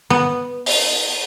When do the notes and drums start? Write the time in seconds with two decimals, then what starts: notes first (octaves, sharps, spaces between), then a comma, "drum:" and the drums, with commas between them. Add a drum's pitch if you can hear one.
0.10 B3
0.66 drum: open hi-hat